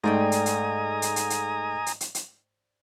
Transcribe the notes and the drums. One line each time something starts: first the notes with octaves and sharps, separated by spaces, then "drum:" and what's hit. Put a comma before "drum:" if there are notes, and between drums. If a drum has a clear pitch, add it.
G#2 A3 C5 D5 G5 G#5 A#5 D#6
drum: hi-hat
drum: hi-hat
drum: hi-hat
drum: hi-hat
drum: hi-hat
drum: hi-hat
drum: hi-hat
drum: hi-hat